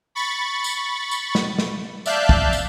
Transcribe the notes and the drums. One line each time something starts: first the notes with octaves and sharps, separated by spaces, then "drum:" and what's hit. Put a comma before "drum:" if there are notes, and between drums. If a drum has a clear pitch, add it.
B5 C#6 A6
drum: tambourine
drum: tambourine
drum: snare
drum: snare
D5 E5 F5 A5 F#6 G6, drum: tambourine
drum: kick
drum: tambourine